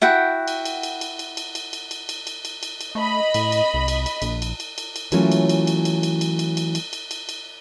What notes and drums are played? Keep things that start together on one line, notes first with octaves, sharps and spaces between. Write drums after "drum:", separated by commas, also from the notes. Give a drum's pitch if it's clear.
E4 F#4 F#5 G5
drum: cymbal
drum: cymbal
drum: cymbal
drum: cymbal
drum: cymbal
drum: cymbal
drum: cymbal
drum: cymbal
drum: cymbal
drum: cymbal
drum: cymbal
drum: cymbal
drum: cymbal
drum: cymbal
A3 D#5 B5
A2, drum: cymbal
drum: cymbal
C2
drum: cymbal
drum: cymbal
A#1, drum: cymbal
drum: cymbal
drum: cymbal
drum: cymbal
drum: cymbal
E3 F#3 A3 A#3 C#4 F4, drum: cymbal
drum: cymbal
drum: cymbal
drum: cymbal
drum: cymbal
drum: cymbal
drum: cymbal
drum: cymbal
drum: cymbal
drum: cymbal
drum: cymbal
drum: cymbal
drum: cymbal